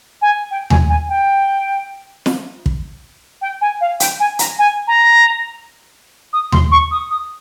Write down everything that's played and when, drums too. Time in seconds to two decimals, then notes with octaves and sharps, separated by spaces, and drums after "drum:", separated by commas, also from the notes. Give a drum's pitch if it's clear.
0.22 G#5
0.51 G5
0.70 G#5, drum: tom D#2
0.89 G#5
1.09 G5
2.26 drum: snare
2.66 drum: kick
3.42 G5
3.61 G#5
3.81 F5
4.00 G5, drum: hi-hat
4.20 G#5
4.39 A#5, drum: hi-hat
4.59 G#5
4.87 A#5
6.33 D#6
6.52 C6, drum: tom D#2
6.72 C#6
6.91 D#6
7.11 D#6